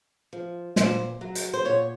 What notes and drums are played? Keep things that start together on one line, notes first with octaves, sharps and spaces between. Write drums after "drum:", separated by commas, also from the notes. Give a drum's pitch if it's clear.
F3
A#2 C5, drum: snare
F#3
drum: hi-hat
C5
A#2 C#5